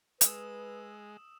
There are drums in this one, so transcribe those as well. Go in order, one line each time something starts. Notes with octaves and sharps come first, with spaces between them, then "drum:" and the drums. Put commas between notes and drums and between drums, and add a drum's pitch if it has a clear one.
G#3 B4 D#6 E6 E7, drum: hi-hat